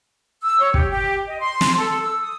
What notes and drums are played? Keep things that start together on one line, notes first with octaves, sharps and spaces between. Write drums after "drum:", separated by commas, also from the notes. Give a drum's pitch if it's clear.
E6
C#5
G4, drum: kick
G4
D#5
C6
drum: snare
A4
E6
D#6